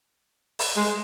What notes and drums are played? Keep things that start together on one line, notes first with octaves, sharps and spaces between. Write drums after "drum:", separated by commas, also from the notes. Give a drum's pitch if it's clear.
drum: open hi-hat
G#3